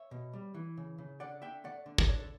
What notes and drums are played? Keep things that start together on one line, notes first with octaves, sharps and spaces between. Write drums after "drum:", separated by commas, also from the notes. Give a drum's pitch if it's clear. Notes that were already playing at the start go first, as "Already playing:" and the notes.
Already playing: C#5 E5
B2
G3
E3
C#3
C#3
D3 D5 F#5
D3 E5 G5
A3 D5 F#5
D3
D5, drum: kick
D3 A4 C#5
A4